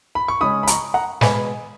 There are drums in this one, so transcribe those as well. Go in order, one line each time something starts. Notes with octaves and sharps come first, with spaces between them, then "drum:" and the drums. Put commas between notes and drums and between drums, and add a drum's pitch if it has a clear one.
B5
C#6
C#3 G#3 C#4 B5 D#6
B5
A#5 C#6, drum: hi-hat
F#5 A#5
B2 G#3 B3 G#5 B5, drum: snare